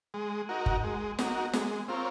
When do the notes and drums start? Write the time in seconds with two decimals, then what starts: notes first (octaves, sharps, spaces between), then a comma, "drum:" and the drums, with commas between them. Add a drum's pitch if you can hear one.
0.14 G#3
0.49 D#4 F#4 A#4
0.66 drum: kick F#1
0.84 G#3
1.19 D#4 F#4 A#4, drum: snare
1.53 G#3, drum: snare
1.88 C4 F4 A#4 C#5